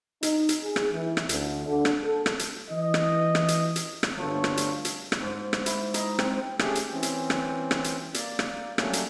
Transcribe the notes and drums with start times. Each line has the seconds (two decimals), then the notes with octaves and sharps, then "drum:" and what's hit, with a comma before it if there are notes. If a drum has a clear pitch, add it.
0.23 D#4, drum: hi-hat
0.49 drum: hi-hat
0.62 G#4
0.76 drum: rim click
0.93 E3
1.17 drum: rim click
1.29 D2, drum: hi-hat
1.66 D3
1.85 drum: rim click
2.03 A4
2.26 drum: rim click
2.39 drum: hi-hat
2.70 E3 D#5
2.94 drum: rim click
3.35 drum: rim click
3.48 drum: hi-hat
3.76 drum: hi-hat
4.03 drum: rim click
4.16 G1 D2 G2 F4 A4 C#5
4.44 drum: rim click
4.57 drum: hi-hat
4.85 drum: hi-hat
5.12 drum: rim click
5.21 G#2
5.53 drum: rim click
5.66 E4, drum: hi-hat
5.94 D#4, drum: hi-hat
6.19 C4, drum: rim click
6.59 A3 C#4 G4 G#4, drum: rim click
6.75 drum: hi-hat
6.91 E3 C4 C#4
7.03 drum: hi-hat
7.30 drum: rim click
7.71 drum: rim click
7.84 drum: hi-hat
8.14 A#3 D5, drum: hi-hat
8.39 drum: rim click
8.78 F#3 G3 A3 A#3 C#4, drum: rim click
8.93 drum: hi-hat